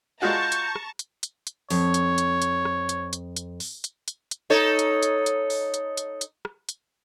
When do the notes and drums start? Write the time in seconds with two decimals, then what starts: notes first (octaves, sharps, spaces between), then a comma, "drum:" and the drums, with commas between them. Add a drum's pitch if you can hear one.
0.22 G#3 F4 F#4 A5 A#5 C#6 G6
0.52 drum: hi-hat
0.76 drum: rim click
0.99 drum: hi-hat
1.23 drum: hi-hat
1.47 drum: hi-hat
1.70 F2 C#5, drum: open hi-hat
1.94 drum: hi-hat
2.18 drum: hi-hat
2.42 drum: hi-hat
2.65 drum: rim click
2.89 drum: hi-hat
3.13 drum: hi-hat
3.36 drum: hi-hat
3.60 drum: open hi-hat
3.84 drum: hi-hat
4.08 drum: hi-hat
4.31 drum: hi-hat
4.50 D#4 A4 C#5
4.79 drum: hi-hat
5.03 drum: hi-hat
5.26 drum: hi-hat
5.50 drum: open hi-hat
5.74 drum: hi-hat
5.97 drum: hi-hat
6.21 drum: hi-hat
6.45 drum: rim click
6.69 drum: hi-hat